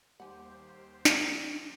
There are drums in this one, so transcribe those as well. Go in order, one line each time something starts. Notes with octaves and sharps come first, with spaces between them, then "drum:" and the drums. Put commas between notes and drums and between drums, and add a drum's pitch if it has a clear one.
D#2 G3 G4 C5 F#5 G#5
drum: snare